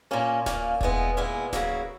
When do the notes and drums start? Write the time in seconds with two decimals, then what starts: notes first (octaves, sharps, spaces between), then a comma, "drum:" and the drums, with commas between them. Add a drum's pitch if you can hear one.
0.11 A#2 A#3 C#4
0.46 A#2 A#3 C#4, drum: snare D1
0.81 A#2 G#3 B3 E4, drum: kick E1
1.17 A#2 G#3 B3 E4
1.53 C#3 F#3 A#3 E4, drum: snare D1